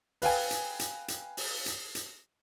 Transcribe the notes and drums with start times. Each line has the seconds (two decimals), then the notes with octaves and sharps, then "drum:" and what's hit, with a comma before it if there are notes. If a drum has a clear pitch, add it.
0.22 B4 F5 G5 G#5, drum: open hi-hat
0.51 drum: hi-hat
0.79 drum: hi-hat
1.08 drum: hi-hat
1.37 drum: open hi-hat
1.66 drum: hi-hat
1.95 drum: hi-hat